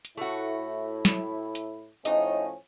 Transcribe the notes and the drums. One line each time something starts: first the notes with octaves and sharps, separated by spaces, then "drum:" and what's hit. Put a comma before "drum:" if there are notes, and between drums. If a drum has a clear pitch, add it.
drum: hi-hat
A2 A3 E4 F#4
drum: snare
drum: hi-hat
A2 F3 C#4 D#4 D#5, drum: hi-hat